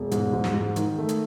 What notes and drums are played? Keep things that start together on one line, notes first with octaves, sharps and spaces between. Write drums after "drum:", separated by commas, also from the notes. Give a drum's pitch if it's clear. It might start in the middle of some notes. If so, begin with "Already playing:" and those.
Already playing: E1
G#2, drum: hi-hat
G#2
drum: snare
G#2
D#3, drum: hi-hat
A3
drum: hi-hat